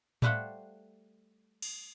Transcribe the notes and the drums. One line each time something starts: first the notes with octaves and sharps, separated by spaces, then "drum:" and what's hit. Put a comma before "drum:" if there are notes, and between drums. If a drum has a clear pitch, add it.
G3 A3 B4 C5 F5 F#5, drum: tom A2
drum: cymbal